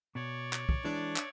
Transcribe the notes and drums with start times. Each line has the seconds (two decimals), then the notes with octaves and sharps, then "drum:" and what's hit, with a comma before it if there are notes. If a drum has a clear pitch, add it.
0.15 B2 C#5 D5
0.53 drum: clap
0.69 drum: kick
0.85 E3 G#3 D4
1.16 drum: clap